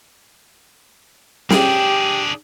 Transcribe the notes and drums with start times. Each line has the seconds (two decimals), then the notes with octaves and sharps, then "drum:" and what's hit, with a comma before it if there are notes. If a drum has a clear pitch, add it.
1.50 D4 G4 G#4, drum: snare